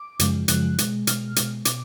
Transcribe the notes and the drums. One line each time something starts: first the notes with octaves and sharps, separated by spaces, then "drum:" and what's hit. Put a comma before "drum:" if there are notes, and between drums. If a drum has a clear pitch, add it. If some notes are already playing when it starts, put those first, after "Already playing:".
Already playing: D6
F#2 C#3 F3 G#3, drum: hi-hat
F#2 C#3 F3 G#3 F#6, drum: hi-hat
B2 G#3, drum: hi-hat
B2 G#3 F6, drum: hi-hat
B2 G#3, drum: hi-hat
B2 D6, drum: hi-hat